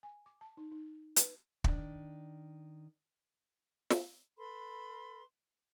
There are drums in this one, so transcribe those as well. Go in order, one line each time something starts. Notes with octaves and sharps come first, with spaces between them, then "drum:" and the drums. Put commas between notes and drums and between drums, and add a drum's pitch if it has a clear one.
G#5
D6
A5
D#4
D#4
B4, drum: hi-hat
D#3 D4, drum: kick
drum: snare
A4 B4 B5 C6